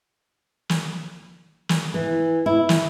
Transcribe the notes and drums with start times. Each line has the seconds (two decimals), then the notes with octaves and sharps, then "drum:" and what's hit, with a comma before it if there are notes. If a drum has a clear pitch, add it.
0.69 drum: snare
1.69 drum: snare
1.94 E3
2.46 E4
2.69 drum: snare